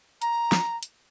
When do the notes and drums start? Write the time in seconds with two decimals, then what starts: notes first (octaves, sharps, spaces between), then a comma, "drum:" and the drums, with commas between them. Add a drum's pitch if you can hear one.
0.22 A#5, drum: hi-hat
0.52 drum: snare
0.83 drum: hi-hat